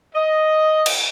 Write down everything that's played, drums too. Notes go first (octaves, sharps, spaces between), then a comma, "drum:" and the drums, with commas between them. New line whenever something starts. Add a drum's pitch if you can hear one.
D#5
drum: cymbal